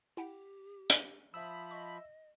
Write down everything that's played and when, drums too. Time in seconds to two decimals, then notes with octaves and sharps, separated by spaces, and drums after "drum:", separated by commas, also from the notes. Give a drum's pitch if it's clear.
0.17 E4 G4 F#5 G5
0.90 drum: hi-hat
1.34 F3 E5 B5 D#6 E6
1.71 D#5 C#6